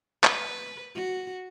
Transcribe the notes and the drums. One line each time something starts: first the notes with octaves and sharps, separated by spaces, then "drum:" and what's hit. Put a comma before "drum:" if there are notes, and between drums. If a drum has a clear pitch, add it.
B4, drum: clap
F#4